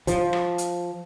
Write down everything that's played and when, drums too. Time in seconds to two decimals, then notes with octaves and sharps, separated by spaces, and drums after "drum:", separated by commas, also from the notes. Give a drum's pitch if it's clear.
0.07 F3, drum: hi-hat
0.33 drum: rim click
0.58 drum: hi-hat